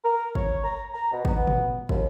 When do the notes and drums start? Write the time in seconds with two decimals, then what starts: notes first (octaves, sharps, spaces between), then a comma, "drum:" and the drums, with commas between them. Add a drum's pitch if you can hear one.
0.05 A#4
0.35 C#5, drum: kick
0.64 A#5
0.94 A#5
1.12 B2
1.25 B3, drum: kick
1.47 drum: tom A#2
1.89 D#2, drum: kick